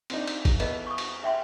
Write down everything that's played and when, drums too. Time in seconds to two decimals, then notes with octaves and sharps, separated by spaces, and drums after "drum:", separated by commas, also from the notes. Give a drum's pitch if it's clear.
0.10 C4 D4 D#4, drum: cymbal
0.27 drum: cymbal
0.45 drum: kick, cymbal
0.60 E2 A4 B4 D#5, drum: cymbal
0.87 C#6 D#6
0.98 drum: cymbal
1.24 E5 G5 C6